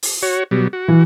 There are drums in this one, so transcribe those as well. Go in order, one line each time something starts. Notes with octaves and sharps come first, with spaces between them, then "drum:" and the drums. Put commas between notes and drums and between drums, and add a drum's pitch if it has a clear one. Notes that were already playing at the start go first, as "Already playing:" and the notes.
drum: open hi-hat
F#4 C#5
B2 F#3 G3
F#4
E3